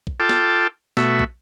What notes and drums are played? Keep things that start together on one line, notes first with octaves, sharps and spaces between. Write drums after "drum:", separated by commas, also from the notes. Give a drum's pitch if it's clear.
drum: kick
F4 A4 G5 A5 D6
drum: snare
B2 A3 F#4 E5, drum: snare
drum: kick